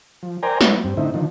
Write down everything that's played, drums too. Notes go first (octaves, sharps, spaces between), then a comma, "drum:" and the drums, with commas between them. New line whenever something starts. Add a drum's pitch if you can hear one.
F3
A#4 C5 D5 G5 G#5 A#5
E4 F#4 B4 C#5, drum: snare
G2 C4
A2 D3 C4 D#4 E4
D3 D#3 F3